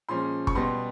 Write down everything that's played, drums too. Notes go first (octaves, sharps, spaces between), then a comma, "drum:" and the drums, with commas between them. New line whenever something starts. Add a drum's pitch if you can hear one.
A#2 F3 G#3 C#4 C6
C#6, drum: kick
B2 G3 B3 C6